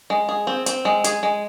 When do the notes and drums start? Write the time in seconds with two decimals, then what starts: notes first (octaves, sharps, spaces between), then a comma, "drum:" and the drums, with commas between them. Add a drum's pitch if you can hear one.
0.10 G#3
0.29 G#4
0.47 C4
0.66 C4, drum: hi-hat
0.85 G#3
1.04 G#4, drum: hi-hat
1.23 G#3